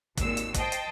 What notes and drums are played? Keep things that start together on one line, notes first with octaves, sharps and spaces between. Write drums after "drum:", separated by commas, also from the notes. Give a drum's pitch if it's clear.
G#1 D#2 A#2 E6, drum: kick, hi-hat
drum: hi-hat
C5 D#5 G5 A5, drum: kick, hi-hat
drum: hi-hat